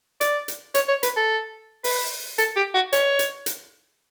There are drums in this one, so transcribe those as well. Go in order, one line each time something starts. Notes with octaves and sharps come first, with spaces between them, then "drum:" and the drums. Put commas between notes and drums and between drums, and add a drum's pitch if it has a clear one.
D5, drum: hi-hat
drum: hi-hat
C#5, drum: hi-hat
C#5
B4, drum: hi-hat
A4
B4, drum: open hi-hat
A4, drum: hi-hat
G4
F#4
C#5, drum: hi-hat
drum: hi-hat
drum: hi-hat